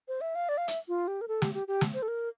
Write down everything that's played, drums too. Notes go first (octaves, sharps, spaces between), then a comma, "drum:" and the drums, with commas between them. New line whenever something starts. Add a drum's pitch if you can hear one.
C5
E5
F5
D5
F5
E5, drum: hi-hat
F4
G4
A#4
A4
G4, drum: snare
G4
G4
drum: snare
C5
A4
A#4